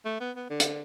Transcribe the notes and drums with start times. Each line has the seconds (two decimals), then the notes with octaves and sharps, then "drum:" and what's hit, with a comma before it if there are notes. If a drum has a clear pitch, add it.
0.05 A3
0.20 B3
0.36 B3
0.50 D3
0.60 drum: hi-hat